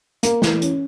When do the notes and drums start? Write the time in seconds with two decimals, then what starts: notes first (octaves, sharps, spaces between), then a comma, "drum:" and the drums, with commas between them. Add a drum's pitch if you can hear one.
0.23 A#3, drum: hi-hat
0.42 E3, drum: snare
0.62 C#4, drum: hi-hat